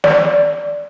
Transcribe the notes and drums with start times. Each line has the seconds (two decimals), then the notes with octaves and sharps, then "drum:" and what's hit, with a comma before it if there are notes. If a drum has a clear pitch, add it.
0.04 D5, drum: snare